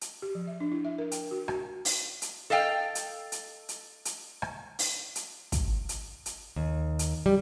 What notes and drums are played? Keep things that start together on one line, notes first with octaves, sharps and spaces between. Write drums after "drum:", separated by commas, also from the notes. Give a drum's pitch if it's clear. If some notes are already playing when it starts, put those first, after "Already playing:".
drum: hi-hat
G4
F3
E5
D4
E4
E5
A#4
G5, drum: hi-hat
F#4
F#4, drum: rim click
drum: open hi-hat
drum: hi-hat
A4 D#5 F5 G5
drum: hi-hat
drum: hi-hat
drum: hi-hat
drum: hi-hat
drum: rim click
drum: open hi-hat
drum: hi-hat
drum: kick, hi-hat
drum: hi-hat
drum: hi-hat
D#2
drum: hi-hat
G3